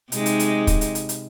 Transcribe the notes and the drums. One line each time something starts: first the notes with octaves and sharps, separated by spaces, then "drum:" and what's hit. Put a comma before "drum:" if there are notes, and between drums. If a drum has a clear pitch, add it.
C3 G#3 D#4, drum: hi-hat
drum: hi-hat
drum: hi-hat
drum: kick, hi-hat
drum: hi-hat
drum: hi-hat
drum: hi-hat